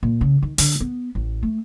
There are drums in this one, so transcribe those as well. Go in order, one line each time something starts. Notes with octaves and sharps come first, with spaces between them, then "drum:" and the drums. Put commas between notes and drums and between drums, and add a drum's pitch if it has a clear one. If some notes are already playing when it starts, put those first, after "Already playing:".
A#2
C#3
D#3
D3, drum: open hi-hat
B3
A1
A3